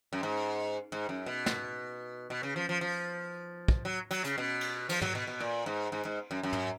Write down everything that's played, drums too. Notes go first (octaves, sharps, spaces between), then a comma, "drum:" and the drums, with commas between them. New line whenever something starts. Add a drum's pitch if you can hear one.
F#2
G#2
G#2
F#2
B2
drum: snare
B2
C#3
F3
F3
F3
drum: kick
F#3
F#3, drum: cymbal
C#3, drum: hi-hat
B2
drum: cymbal
F3, drum: cymbal
F#3, drum: tom
B2
B2
A#2
G#2
G#2
G#2
F#2
F#2
drum: tom